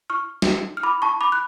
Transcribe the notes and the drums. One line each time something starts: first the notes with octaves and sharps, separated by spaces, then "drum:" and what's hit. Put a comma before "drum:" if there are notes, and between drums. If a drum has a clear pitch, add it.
C#6 F6
drum: snare
F6
B5 D6
A5 C#6
B5 D6
F#6